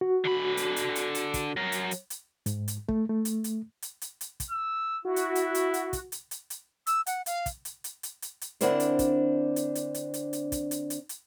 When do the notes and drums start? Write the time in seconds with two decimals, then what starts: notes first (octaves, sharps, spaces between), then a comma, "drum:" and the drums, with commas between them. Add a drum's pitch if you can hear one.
0.01 F#4
0.24 D3 B5
0.57 drum: hi-hat
0.76 drum: hi-hat
0.95 drum: hi-hat
1.15 drum: hi-hat
1.34 drum: kick, hi-hat
1.57 F#3 A#4
1.72 drum: hi-hat
1.91 drum: hi-hat
2.10 drum: hi-hat
2.46 G#2, drum: hi-hat
2.68 drum: hi-hat
2.89 A3, drum: kick
3.09 A3
3.25 drum: hi-hat
3.44 drum: hi-hat
3.82 drum: hi-hat
4.02 drum: hi-hat
4.21 drum: hi-hat
4.40 drum: kick, hi-hat
4.50 E6
5.05 E4 F#4
5.16 drum: hi-hat
5.35 drum: hi-hat
5.55 drum: hi-hat
5.74 drum: hi-hat
5.93 drum: kick, hi-hat
6.12 drum: hi-hat
6.31 drum: hi-hat
6.50 drum: hi-hat
6.87 E6, drum: hi-hat
7.06 F#5, drum: hi-hat
7.26 F5, drum: hi-hat
7.46 drum: kick, hi-hat
7.65 drum: hi-hat
7.84 drum: hi-hat
8.03 drum: hi-hat
8.22 drum: hi-hat
8.41 drum: hi-hat
8.61 D3 C4 D4 E4 A#4 C5, drum: hi-hat
8.80 drum: hi-hat
8.99 drum: kick, hi-hat
9.56 drum: hi-hat
9.75 drum: hi-hat
9.94 drum: hi-hat
10.14 drum: hi-hat
10.33 drum: hi-hat
10.52 drum: kick, hi-hat
10.71 drum: hi-hat
10.90 drum: hi-hat
11.09 drum: hi-hat